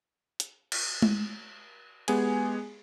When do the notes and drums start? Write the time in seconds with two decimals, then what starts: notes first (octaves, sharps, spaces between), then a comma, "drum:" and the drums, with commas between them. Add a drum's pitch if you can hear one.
0.40 drum: hi-hat
0.72 drum: cymbal
1.02 drum: tom G#3
2.08 G#3 B3 G4 G#4 G#5, drum: cymbal